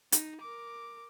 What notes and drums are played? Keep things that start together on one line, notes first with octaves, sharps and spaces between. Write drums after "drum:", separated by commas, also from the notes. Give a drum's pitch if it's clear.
D#4, drum: hi-hat
A#4 D6